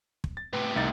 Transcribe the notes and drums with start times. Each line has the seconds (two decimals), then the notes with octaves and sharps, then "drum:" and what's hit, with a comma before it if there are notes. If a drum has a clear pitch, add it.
0.24 drum: kick
0.37 A6
0.53 A2 C3 B4
0.76 C2 D#4 A6